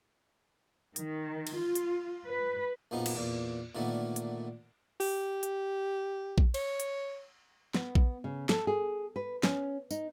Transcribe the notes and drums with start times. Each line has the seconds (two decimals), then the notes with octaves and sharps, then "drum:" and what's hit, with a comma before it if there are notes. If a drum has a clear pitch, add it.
0.96 D#3, drum: hi-hat
1.47 drum: cymbal
1.57 F4
1.75 drum: hi-hat
2.25 B4
2.91 A#1 F#2 F3 B3 D#4
3.06 drum: cymbal
3.15 E2 A#2
3.75 A#2 D3 D#3 A3 B3
4.16 drum: hi-hat
5.00 G4, drum: open hi-hat
5.43 drum: hi-hat
6.38 drum: kick A#1
6.54 C#5, drum: cymbal
6.80 drum: hi-hat
7.74 B3, drum: snare
7.95 drum: kick A#1
8.24 C#3
8.49 A4, drum: snare
8.67 G#4
9.16 B4
9.43 C#4, drum: snare
9.91 D#4, drum: tambourine